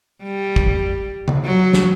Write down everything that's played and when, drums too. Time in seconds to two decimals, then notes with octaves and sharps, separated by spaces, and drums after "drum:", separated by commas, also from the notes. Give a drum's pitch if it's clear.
0.22 G3
0.56 drum: kick
1.28 drum: tom C#3
1.45 F#3
1.73 drum: snare